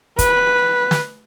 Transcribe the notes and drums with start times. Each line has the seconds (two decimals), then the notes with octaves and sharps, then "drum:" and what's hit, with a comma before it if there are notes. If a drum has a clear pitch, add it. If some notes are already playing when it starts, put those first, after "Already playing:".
0.19 B4, drum: kick, hi-hat
0.91 drum: snare